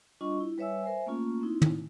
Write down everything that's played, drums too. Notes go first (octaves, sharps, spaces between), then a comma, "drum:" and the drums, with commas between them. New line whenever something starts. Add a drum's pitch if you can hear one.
G3 D4 F4 D#5 C#6
E4
G3 B4 C#5 E5 G#5 E6
A#4 C5 E5 G#5
A3 A#3 C#4 F4
C4 D#4 E4
drum: tom